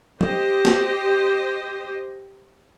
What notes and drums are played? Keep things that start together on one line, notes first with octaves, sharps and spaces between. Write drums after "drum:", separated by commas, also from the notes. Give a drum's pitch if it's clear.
G4 C5 D#5, drum: tom
drum: snare